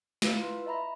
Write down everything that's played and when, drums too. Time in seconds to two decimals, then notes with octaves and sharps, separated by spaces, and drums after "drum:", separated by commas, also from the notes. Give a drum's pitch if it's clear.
0.22 E4 F4 B4 F5 E6, drum: snare
0.41 C6
0.66 D#5 E5 A#5 B5 A#6